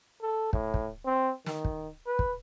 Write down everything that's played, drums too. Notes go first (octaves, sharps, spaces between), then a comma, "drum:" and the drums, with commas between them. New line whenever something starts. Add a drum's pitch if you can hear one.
A4
A2, drum: kick
drum: kick
C4
D#3, drum: snare
drum: kick
B4
drum: kick